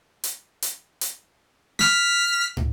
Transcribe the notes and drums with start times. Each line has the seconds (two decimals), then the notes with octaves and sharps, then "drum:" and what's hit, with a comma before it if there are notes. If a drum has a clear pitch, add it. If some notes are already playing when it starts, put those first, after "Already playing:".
0.24 drum: hi-hat
0.62 drum: hi-hat
1.01 drum: hi-hat
1.79 F6 B6, drum: snare
2.57 drum: tom